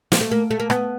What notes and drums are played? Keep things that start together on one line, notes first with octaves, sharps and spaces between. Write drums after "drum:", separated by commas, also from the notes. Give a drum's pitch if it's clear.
A#3, drum: snare
A3
A#3
A3
A#3
B3, drum: rim click